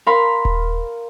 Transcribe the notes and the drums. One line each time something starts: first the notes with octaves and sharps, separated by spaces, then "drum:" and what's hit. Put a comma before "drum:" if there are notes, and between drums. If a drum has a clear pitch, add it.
A#4 F5 B5 C6
drum: kick D#1